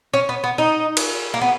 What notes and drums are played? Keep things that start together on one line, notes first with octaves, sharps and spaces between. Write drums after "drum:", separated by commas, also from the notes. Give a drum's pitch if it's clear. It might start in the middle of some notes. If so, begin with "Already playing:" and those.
C#4
B3
B3
D#4
drum: cymbal
A#3
B3